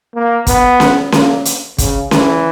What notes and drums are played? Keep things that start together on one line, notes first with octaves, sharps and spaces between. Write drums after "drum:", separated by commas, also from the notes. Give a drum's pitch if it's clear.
A#3
B3, drum: kick, hi-hat
drum: snare C#4
A#3, drum: snare C#4
drum: hi-hat
C#3, drum: kick, hi-hat
E3, drum: snare C#4